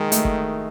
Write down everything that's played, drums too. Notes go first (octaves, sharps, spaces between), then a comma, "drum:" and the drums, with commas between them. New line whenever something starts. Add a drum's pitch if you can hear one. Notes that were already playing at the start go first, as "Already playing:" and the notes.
Already playing: D#3 G#3
A3, drum: hi-hat
drum: kick